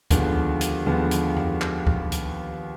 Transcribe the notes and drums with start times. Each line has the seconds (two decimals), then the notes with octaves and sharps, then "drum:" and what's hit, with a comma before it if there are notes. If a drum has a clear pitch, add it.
0.10 D#2 D3 F3 G#3 B3, drum: kick C#2, hi-hat
0.61 drum: hi-hat
0.86 D#2 D3 F3 G#3 B3
1.11 drum: hi-hat
1.36 drum: tom F2
1.61 drum: clap
1.87 drum: kick C#2
2.12 drum: hi-hat